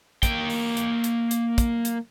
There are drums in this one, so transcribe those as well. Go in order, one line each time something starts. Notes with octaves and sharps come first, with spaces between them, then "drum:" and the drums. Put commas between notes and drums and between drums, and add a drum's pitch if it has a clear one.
A#3 G5, drum: kick, hi-hat
drum: open hi-hat
drum: hi-hat
drum: hi-hat
drum: hi-hat
drum: kick, hi-hat
drum: hi-hat